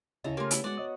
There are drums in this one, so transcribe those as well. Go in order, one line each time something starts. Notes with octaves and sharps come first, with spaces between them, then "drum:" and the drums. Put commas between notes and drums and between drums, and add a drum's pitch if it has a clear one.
D2 C#3 E4 A4 D#5 A#5
A3 A#3 F4 G4
B3 E4, drum: hi-hat
G#3 F#4 D5 F#5
C#5 D#5 D#6